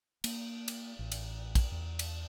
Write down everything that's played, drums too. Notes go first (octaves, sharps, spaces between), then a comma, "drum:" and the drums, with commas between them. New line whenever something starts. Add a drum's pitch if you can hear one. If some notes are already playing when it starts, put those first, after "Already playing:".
A#3, drum: cymbal
drum: cymbal
A1
drum: cymbal
drum: kick, cymbal
E2
drum: cymbal